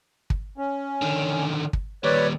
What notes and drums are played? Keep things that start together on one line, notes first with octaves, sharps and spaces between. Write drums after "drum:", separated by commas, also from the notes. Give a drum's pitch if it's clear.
drum: kick
C#4
D3 D#3
drum: kick
D#2 G3 B4 C#5 D5